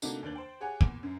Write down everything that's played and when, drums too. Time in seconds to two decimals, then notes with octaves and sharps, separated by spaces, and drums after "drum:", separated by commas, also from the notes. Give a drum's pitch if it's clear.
0.02 C3 A3 A#3 D4 D#4 F#4, drum: tambourine
0.22 D#2 A#3 D4 G6 A6 F#7
0.35 C5 G5
0.60 G4 G#4 C#5 F#5 G#5
0.81 E2 A#2, drum: kick
1.03 F#2